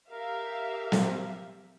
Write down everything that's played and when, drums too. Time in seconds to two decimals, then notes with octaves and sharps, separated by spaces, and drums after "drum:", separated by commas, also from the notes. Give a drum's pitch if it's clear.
0.10 G4 A#4 E5 F5
0.92 drum: snare